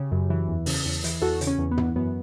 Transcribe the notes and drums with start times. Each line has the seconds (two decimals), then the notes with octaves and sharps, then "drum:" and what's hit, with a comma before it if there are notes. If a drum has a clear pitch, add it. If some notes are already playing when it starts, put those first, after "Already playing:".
Already playing: C#3 G4
0.12 F#2
0.30 E3
0.48 E2
0.66 C#3, drum: open hi-hat
0.86 E2
1.04 E3, drum: hi-hat
1.22 E2 F#4 A4
1.41 C#3, drum: hi-hat
1.47 C#4
1.58 E2
1.71 B3
1.77 E3, drum: tom
1.96 F#2 B3